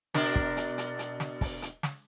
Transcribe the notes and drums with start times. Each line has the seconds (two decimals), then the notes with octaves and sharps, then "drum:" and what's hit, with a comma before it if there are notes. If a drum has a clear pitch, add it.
0.14 B2 D4 A#4, drum: snare
0.36 drum: kick
0.57 drum: hi-hat
0.78 drum: hi-hat
0.99 drum: hi-hat
1.20 drum: snare
1.41 drum: kick, open hi-hat
1.62 drum: hi-hat
1.83 drum: snare